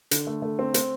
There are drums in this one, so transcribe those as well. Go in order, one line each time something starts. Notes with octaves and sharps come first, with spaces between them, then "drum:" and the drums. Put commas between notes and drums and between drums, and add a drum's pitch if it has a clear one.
D3, drum: hi-hat
A3
A3
C4
C4, drum: hi-hat